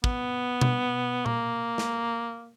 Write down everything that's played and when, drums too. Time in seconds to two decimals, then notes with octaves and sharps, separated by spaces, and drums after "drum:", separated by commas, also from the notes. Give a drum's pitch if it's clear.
0.04 B3, drum: kick
0.61 drum: tom B2
1.26 A#3, drum: tom A#2
1.78 drum: snare